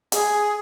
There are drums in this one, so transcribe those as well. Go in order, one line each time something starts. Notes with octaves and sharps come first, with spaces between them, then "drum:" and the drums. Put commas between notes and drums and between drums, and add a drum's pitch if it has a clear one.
G#4, drum: hi-hat